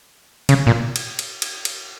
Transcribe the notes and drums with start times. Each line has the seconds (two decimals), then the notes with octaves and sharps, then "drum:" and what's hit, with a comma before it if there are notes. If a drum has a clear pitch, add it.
0.49 C#3, drum: cymbal
0.67 A#2
0.96 drum: cymbal
1.19 drum: cymbal
1.42 drum: cymbal
1.65 drum: cymbal